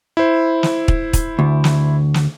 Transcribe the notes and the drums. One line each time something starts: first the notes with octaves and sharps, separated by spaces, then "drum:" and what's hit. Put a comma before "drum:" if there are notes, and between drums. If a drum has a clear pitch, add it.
E4 C5
drum: snare
drum: kick
drum: kick, hi-hat
D2
drum: snare
drum: snare